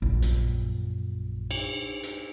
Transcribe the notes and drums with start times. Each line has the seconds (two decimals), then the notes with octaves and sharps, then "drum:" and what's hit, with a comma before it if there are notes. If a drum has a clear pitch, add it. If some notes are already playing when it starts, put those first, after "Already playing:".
0.02 A#1 F#2
0.22 drum: hi-hat
1.51 drum: cymbal
2.03 drum: hi-hat